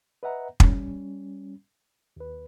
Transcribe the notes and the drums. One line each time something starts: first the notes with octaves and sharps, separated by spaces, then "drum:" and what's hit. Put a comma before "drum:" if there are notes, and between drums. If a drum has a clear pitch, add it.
B4 D#5 E5 F#5 A#5
G3 C#4, drum: kick
D#2 B4